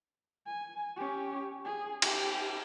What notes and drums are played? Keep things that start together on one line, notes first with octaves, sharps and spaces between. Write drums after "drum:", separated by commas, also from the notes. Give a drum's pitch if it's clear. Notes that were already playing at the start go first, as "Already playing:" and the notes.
G#5
C#4 G4
G#4
G4, drum: cymbal